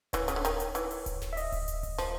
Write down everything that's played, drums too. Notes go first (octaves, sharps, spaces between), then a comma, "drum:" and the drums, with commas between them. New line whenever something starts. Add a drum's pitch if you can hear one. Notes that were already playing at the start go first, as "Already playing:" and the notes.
E3 C#5, drum: kick D1, hi-hat
C#3, drum: hi-hat
D3
D#3, drum: hi-hat
drum: hi-hat
E3, drum: hi-hat
drum: open hi-hat
drum: kick D1, hi-hat
drum: snare
E5
D#5, drum: open hi-hat
drum: kick D1, open hi-hat
drum: hi-hat
drum: kick D1, open hi-hat
F3, drum: snare